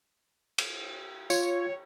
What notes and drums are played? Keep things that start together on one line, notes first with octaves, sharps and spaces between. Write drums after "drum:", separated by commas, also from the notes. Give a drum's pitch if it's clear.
drum: cymbal
F4 C#5, drum: tambourine